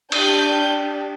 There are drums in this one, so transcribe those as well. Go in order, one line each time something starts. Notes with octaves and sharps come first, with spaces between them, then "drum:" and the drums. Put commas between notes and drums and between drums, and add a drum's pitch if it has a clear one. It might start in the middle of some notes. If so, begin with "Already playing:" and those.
D4 G4 G6, drum: cymbal